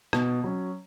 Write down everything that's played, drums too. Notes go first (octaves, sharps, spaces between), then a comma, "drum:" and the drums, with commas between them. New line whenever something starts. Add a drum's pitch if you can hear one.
B2, drum: rim click
F#3 C#4